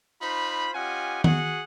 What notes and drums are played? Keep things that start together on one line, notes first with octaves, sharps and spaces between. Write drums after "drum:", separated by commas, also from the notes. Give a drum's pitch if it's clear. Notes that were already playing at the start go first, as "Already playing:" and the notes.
D#4 F4 C5 B5
C#4 F4 G4 D#5 F#5 G#5
F#4 G#4 F#5, drum: tom D#3